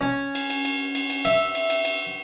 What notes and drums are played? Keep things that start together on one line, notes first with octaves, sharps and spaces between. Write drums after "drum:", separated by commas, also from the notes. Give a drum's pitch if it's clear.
C#4
drum: cymbal
drum: cymbal
drum: cymbal
drum: cymbal
drum: cymbal
E5, drum: cymbal
drum: cymbal
drum: cymbal
drum: cymbal